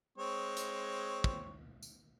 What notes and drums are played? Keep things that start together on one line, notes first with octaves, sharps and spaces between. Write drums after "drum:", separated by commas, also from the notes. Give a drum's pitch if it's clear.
G#3 C4 C#5
drum: hi-hat
drum: kick
drum: tambourine